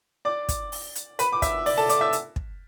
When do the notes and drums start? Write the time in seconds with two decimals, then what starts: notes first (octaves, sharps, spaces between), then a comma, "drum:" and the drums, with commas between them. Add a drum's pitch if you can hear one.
0.25 D5 D6
0.49 drum: kick, hi-hat
0.72 drum: open hi-hat
0.95 drum: hi-hat
1.19 B4 B5, drum: hi-hat
1.32 D6
1.42 E5 E6, drum: kick, hi-hat
1.66 D5 D6, drum: open hi-hat
1.77 A4 A5
1.89 D5 D6, drum: hi-hat
2.01 E5 E6
2.13 drum: hi-hat
2.36 drum: kick